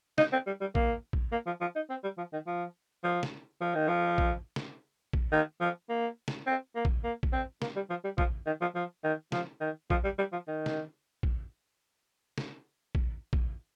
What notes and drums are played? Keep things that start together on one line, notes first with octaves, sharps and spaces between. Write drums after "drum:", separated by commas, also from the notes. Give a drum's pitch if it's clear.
D#4, drum: snare
C4
G3
G3
A#3, drum: kick
drum: kick
A#3
F3
F3
D#4
C4
G3
F3
D#3
F3
F3
drum: snare
F3
D#3
F3
drum: kick
drum: snare
drum: kick
D#3
F3
A#3
drum: snare
C4
A#3
drum: kick
A#3
drum: kick
C4
A#3, drum: snare
G3
F3
G3
F3, drum: kick
D#3
F3
F3
D#3
F3, drum: snare
D#3
F3, drum: kick
G3
G3
F3
D#3
drum: snare
drum: kick
drum: snare
drum: kick
drum: kick